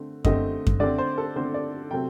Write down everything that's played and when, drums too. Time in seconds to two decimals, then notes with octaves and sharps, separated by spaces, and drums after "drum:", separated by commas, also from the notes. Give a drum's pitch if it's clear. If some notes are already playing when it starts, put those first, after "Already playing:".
Already playing: D3 A3 C4
0.25 D3 A3 C4 D#5, drum: kick F#2
0.67 drum: kick F#2
0.80 D3 A3 C4 D5
0.98 C5
1.18 A4
1.36 D3 A3 C4 C5
1.54 D5
1.91 C3 F#3 A3 C4 G5